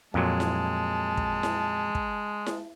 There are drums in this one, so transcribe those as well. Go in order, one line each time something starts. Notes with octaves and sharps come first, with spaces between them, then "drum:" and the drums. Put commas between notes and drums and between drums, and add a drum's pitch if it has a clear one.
F2 A#2 F#3 G#3 A5
drum: snare E4
drum: kick
drum: snare E4
drum: kick
drum: snare E4